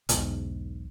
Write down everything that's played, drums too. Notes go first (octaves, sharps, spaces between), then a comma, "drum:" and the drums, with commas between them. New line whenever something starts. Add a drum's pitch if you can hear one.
B1 E2 G#2, drum: hi-hat